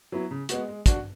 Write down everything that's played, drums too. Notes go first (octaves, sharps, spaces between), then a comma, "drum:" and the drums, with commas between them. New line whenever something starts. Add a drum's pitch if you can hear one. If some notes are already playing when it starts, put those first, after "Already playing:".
F#3 B3 E4
C#3
G#3 B3 F#4, drum: hi-hat
G#3
D4 F#4, drum: kick, hi-hat